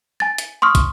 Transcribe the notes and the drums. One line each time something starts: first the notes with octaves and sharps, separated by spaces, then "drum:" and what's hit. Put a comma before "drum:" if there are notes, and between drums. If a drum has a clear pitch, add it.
G#5 A6
drum: hi-hat
C6 C#6 D#6 F6
drum: kick, hi-hat